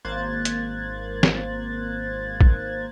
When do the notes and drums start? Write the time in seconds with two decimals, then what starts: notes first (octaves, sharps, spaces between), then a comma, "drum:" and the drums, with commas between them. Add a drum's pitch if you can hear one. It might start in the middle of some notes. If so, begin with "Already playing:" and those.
0.05 G#1 A#3 C5 F#6 G#6 A6
0.45 drum: hi-hat
1.23 drum: snare
2.41 drum: kick